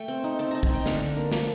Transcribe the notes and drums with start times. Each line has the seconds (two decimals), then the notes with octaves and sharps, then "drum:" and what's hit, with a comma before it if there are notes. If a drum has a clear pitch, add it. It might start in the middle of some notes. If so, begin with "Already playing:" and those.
Already playing: A3 G5
0.08 C4
0.24 D#4
0.39 C4 A5
0.51 D#4 A#5
0.63 A#5, drum: kick
0.70 D#4 G5
0.86 D3 F5, drum: snare
1.01 D4
1.16 A#3
1.31 F3, drum: snare